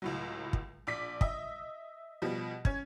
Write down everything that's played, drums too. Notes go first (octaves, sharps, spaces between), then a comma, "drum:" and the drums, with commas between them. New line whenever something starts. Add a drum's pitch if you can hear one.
C#2 A2 F#3
drum: kick
A#1 D5 B6
D#5 E5, drum: kick
B2 F3 G3
C#4 G#6, drum: kick